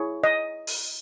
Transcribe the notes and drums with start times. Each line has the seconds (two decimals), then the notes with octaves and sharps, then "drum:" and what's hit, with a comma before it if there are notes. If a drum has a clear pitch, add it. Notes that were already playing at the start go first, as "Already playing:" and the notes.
Already playing: E4 G#4 C#5
0.24 D#5
0.67 drum: open hi-hat